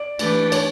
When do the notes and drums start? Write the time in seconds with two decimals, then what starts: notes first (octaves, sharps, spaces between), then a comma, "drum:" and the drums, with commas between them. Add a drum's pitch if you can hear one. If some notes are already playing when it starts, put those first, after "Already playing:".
Already playing: D5
0.19 E3 A3 D4 G4 B4, drum: cymbal
0.52 C#5, drum: cymbal